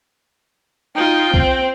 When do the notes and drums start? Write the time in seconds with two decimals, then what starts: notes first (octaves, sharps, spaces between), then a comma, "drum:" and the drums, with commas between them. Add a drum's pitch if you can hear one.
0.95 D#4 F4 G5
1.34 C4, drum: kick